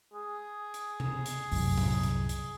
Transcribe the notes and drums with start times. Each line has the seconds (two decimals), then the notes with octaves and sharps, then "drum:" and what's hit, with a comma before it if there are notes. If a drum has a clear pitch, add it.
0.14 G#4
0.74 drum: hi-hat
1.00 drum: tom C3
1.26 drum: hi-hat
1.52 C2 F#2, drum: open hi-hat
1.78 drum: tom A2
2.03 drum: hi-hat
2.29 drum: hi-hat